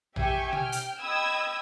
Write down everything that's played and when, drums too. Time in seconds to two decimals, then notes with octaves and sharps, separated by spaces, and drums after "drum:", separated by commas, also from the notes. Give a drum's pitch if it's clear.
0.16 G4 E5 G5 G#5 C#6, drum: tom A#1
0.53 G5 F6, drum: tom B2
0.72 drum: hi-hat
1.01 D#5 G5 B5 D#6 E6 G#6